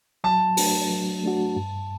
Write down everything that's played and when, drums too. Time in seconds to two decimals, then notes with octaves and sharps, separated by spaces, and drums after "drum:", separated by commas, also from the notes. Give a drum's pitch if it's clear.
0.24 F#3 A5
0.57 A3 D4 F#4, drum: open hi-hat
0.90 F#3
1.24 A3 D4 F#4
1.56 G2